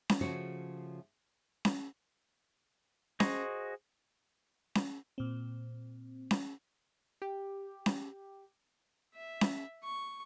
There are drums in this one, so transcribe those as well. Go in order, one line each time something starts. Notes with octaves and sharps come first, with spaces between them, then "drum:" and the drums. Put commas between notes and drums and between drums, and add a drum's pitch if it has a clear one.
drum: snare C#4
C#3 F3 A3 F#4
drum: snare C#4
F#4 G#4 C5 D#5 C#6, drum: snare C#4
drum: snare C#4
A#2 C4
drum: snare C#4
G4
drum: snare C#4
E5
drum: snare C#4
C#6